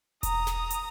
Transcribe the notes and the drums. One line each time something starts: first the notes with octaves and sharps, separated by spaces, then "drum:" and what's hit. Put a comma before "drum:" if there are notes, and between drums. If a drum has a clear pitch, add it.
A#5 D#6, drum: kick E1, hi-hat
drum: snare
drum: hi-hat